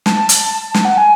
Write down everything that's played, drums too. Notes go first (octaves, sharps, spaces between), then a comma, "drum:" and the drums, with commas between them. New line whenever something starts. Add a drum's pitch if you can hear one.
A5, drum: snare
drum: hi-hat
drum: snare
F#5
G#5